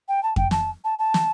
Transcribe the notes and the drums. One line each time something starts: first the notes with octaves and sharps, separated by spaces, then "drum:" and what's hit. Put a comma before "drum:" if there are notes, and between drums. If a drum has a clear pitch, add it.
G5
A5
G5, drum: kick F2
A5, drum: snare
A5
A5
drum: snare